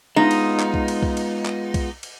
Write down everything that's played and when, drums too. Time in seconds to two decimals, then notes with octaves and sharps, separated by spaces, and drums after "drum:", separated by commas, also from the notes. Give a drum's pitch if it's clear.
0.16 G#3 B3 D#4 F4
0.31 drum: cymbal
0.59 drum: clap
0.74 drum: kick B1
0.88 drum: cymbal
1.03 drum: kick B1
1.17 drum: cymbal
1.46 drum: clap
1.74 drum: kick B1, cymbal
2.03 drum: cymbal